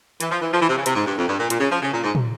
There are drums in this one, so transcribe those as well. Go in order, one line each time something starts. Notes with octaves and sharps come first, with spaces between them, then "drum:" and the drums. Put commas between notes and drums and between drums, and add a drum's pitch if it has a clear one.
E3, drum: hi-hat
F3
E3
F3
E3
C3
C#3
C3, drum: hi-hat
G#2
G2
F2
G2
A#2
A#2, drum: hi-hat
C#3
F3
C#3
A#2
G#2
drum: tom